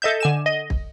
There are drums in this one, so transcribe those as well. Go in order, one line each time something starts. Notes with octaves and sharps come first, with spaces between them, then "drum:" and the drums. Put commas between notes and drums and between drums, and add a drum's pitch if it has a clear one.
A4 D#5 E5 G6
D3 G#5 E7
D#5
drum: kick